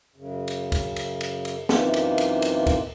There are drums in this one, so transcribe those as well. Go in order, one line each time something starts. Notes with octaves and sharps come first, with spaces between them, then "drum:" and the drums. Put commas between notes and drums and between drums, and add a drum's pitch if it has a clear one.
F#2 C#3
drum: cymbal
drum: kick C#2, cymbal
drum: cymbal
drum: cymbal
drum: cymbal
F#2 C3 E3 A#3 D#4 F4, drum: snare
drum: cymbal
drum: cymbal
drum: cymbal
drum: kick C#2, cymbal